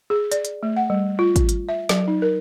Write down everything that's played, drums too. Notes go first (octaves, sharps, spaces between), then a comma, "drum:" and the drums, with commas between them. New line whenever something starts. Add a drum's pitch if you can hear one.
G#4
D5, drum: hi-hat
drum: hi-hat
A3
F#5
G3
F4
drum: kick, hi-hat
drum: hi-hat
E5
F#3, drum: snare
D#4
A#4